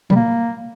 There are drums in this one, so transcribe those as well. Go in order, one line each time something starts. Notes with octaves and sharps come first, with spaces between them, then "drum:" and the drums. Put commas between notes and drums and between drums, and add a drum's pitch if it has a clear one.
G3, drum: tom
A#3